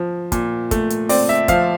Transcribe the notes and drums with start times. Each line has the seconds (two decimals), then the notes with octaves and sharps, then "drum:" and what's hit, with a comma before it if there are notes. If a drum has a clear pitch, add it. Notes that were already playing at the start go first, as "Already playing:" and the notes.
Already playing: F3
0.32 A#2, drum: kick, hi-hat
0.71 A3, drum: kick, hi-hat
0.90 drum: hi-hat
1.09 C4 D5, drum: open hi-hat
1.29 E5
1.48 F3 F5, drum: kick, hi-hat